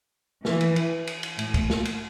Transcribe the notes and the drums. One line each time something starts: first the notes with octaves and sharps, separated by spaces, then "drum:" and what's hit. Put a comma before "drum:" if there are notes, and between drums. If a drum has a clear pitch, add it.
E3, drum: snare
drum: cymbal
drum: cymbal
drum: cymbal
drum: cymbal
A2, drum: cymbal
drum: kick, cymbal
drum: snare
drum: cymbal